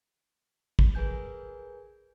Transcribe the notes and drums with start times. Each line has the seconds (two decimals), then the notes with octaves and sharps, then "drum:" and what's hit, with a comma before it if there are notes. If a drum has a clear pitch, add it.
0.79 drum: kick
0.95 G#4 A#4 B4 G#5 G6